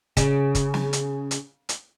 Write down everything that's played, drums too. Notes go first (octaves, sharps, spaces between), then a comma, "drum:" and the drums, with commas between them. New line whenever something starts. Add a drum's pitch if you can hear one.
C#3, drum: kick, hi-hat
drum: kick, hi-hat
drum: snare
drum: hi-hat
drum: hi-hat
drum: hi-hat